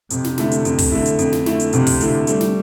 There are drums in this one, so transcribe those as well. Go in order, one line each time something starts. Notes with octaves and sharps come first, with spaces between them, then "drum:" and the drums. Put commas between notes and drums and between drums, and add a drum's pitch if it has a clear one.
F2 C3, drum: hi-hat
drum: snare
D3 A3 E4, drum: snare
drum: hi-hat
F2, drum: hi-hat
drum: kick, open hi-hat
D3 A3 E4
drum: hi-hat
F2, drum: hi-hat
drum: snare
D3 A3 E4, drum: snare
drum: hi-hat
F2 C3, drum: hi-hat
drum: kick, open hi-hat
D3 A3 E4, drum: hi-hat
G3 A3, drum: hi-hat
drum: snare